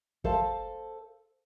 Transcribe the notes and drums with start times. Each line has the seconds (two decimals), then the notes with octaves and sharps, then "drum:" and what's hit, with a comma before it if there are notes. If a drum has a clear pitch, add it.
0.24 A4 C5 F5 A5, drum: kick